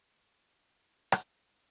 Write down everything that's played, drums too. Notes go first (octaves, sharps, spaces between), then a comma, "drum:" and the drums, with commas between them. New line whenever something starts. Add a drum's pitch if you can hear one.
D#3 F#3 D#4 F#4
A4 B6 C#7
A#2 E3 F#3 C#4 D#4
drum: rim click